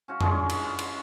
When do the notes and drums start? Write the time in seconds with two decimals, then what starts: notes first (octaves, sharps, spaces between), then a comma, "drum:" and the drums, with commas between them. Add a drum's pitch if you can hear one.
0.08 C#4 F#4 F5
0.21 E3 G#3 C#4 D4, drum: tom F2
0.50 drum: cymbal
0.79 drum: cymbal